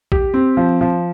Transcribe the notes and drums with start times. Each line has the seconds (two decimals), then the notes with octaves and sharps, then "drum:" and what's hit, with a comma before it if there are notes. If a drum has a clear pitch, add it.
0.12 G4, drum: kick
0.34 C4
0.57 F3
0.81 F3